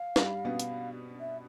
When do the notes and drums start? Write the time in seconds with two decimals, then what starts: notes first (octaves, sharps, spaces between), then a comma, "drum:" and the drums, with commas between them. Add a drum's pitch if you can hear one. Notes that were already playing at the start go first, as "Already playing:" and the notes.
Already playing: F5
0.16 G2 G3, drum: snare
0.45 B2 B3
0.59 drum: hi-hat
1.20 E5